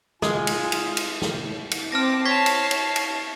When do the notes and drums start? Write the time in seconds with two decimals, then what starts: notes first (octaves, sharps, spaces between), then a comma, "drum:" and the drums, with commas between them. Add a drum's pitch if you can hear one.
0.22 G#3 F4 G#5, drum: snare
0.47 drum: cymbal
0.72 drum: cymbal
0.97 drum: cymbal
1.22 drum: snare
1.71 drum: cymbal
1.92 C4 A5 D6 F6 A#6
2.25 C#5 A5 C#6 G#6 B6 C7
2.46 drum: cymbal
2.71 drum: cymbal
2.96 drum: cymbal